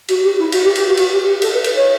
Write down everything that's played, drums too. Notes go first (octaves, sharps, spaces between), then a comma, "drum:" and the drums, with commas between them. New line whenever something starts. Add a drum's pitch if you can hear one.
F#4, drum: cymbal
G4
E4
F#4, drum: cymbal
G4
G4, drum: cymbal
F#4
F#4, drum: cymbal
G4
G4
A4, drum: cymbal
B4
drum: cymbal
C#5